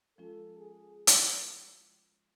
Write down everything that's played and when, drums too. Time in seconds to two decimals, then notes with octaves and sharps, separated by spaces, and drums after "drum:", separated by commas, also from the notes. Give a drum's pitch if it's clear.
0.18 F3 G#3 C#4 F4 A4
0.59 G#4
1.07 drum: hi-hat